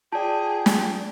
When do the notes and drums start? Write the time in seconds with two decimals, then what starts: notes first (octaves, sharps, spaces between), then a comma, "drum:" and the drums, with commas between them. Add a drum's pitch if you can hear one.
0.13 F4 G#4 D5 G5 A5
0.66 drum: snare